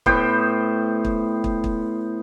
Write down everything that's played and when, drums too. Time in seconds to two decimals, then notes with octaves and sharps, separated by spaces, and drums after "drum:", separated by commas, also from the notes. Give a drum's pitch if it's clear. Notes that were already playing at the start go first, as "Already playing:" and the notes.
0.06 A2 B3 C5 G5, drum: kick
1.05 drum: kick
1.44 drum: kick
1.64 drum: kick